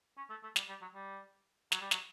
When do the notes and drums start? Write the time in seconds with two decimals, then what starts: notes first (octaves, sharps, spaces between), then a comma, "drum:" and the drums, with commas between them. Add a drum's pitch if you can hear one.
0.18 C#4
0.30 A3
0.43 A3
0.56 G3, drum: snare
0.69 G3
0.82 F#3
0.95 G3
1.72 F#3, drum: snare
1.81 G3
1.91 F#3, drum: snare